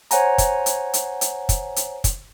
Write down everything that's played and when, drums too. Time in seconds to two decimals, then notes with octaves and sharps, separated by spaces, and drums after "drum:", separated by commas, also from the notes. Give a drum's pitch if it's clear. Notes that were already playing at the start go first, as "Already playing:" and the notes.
0.11 C5 C#5 F#5 G#5 A#5, drum: hi-hat
0.38 drum: kick, hi-hat
0.66 drum: hi-hat
0.94 drum: hi-hat
1.21 drum: hi-hat
1.49 drum: kick, hi-hat
1.76 drum: hi-hat
2.04 drum: kick, hi-hat